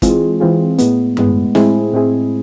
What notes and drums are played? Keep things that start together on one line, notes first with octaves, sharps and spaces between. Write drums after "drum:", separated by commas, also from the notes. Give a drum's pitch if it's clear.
E3 G#3 C4 F4 G#4, drum: kick, hi-hat
E3 G#3 C4 F4 G#4
A2 G#3 B3, drum: hi-hat
A2 G#3 B3, drum: tom G2
A2 G#3 C4 E4 G#4, drum: snare
A2 G#3 C4 E4 G#4